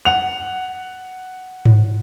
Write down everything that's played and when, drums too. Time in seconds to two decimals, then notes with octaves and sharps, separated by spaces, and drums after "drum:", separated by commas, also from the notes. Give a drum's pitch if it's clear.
0.05 F#5 F7
1.65 drum: tom G#2